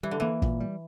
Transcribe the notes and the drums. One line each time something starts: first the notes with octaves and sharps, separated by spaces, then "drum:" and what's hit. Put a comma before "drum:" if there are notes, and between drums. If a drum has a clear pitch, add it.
E3 G3
D3
E3 A#3
A#2, drum: kick
G3